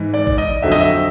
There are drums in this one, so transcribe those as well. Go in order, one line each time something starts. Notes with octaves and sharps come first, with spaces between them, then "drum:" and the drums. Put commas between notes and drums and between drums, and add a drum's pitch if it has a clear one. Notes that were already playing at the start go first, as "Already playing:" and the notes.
Already playing: G#2 E3
D5
drum: kick
D#5
F2 D3 F#3 E5
D#5, drum: snare
E5